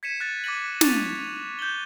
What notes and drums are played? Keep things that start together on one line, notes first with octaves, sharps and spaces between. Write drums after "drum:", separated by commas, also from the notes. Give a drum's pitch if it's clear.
G#6 B6 C#7 D#7 E7
F#6 A6 C#7
D6 F#6 A#6 D#7 F#7
C#6 D6 A6 F7, drum: snare
G6 F#7 G7